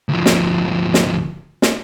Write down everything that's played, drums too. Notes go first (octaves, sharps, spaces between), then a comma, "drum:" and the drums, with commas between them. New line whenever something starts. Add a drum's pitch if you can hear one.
D2 F3
drum: snare
drum: snare
drum: snare